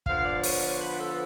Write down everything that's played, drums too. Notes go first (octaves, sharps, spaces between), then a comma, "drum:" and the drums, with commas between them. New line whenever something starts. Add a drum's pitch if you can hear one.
D3 F3 B3 F5, drum: kick
D5
C#5, drum: open hi-hat
C#5
B4
A4